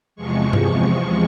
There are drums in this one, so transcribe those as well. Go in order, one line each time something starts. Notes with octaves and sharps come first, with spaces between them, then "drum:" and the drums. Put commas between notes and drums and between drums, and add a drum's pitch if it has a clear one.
E2 C3 F3 G#3 C#6
drum: tom G2